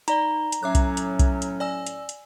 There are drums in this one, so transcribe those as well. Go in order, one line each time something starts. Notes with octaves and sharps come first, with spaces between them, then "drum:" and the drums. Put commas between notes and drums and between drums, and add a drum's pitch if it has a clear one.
D#4 D5 A#5 G7, drum: hi-hat
drum: hi-hat
A2 F#3 C#4 E5 D6 F#6
drum: kick B1, hi-hat
drum: hi-hat
drum: kick B1, hi-hat
drum: hi-hat
D5 G#5 E6
drum: hi-hat
drum: hi-hat